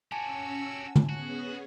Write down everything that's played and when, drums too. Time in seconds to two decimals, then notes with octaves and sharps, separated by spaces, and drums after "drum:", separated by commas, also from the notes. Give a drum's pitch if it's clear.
0.12 C#4 F#4 G4 G#5 A5 E6
0.96 drum: tom
1.09 B3 C#4 F#4 G#4